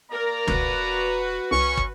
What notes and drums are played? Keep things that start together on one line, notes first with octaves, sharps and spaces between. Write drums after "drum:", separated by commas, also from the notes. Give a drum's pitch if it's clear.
A#3 A#4 D5 A#5
E1 F#4 B4, drum: tom C#2
C2 C#4 C#6
drum: kick